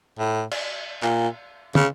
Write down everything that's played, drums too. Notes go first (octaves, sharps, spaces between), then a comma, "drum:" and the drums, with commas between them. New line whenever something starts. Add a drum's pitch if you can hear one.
A2
drum: cymbal
A#2, drum: clap
C#3, drum: tom